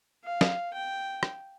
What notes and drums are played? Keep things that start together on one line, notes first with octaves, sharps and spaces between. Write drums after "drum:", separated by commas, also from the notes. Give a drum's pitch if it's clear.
F5
drum: snare
G5
drum: rim click